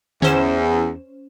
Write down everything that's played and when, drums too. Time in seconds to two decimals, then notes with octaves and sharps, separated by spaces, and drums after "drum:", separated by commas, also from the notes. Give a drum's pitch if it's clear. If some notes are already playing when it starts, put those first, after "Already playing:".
0.22 E2 C#4 C5 E7, drum: tom D3